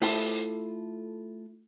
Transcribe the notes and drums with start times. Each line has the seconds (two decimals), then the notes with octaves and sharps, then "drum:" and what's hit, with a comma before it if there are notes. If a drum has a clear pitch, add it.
0.02 A3 E4 F4 A4, drum: open hi-hat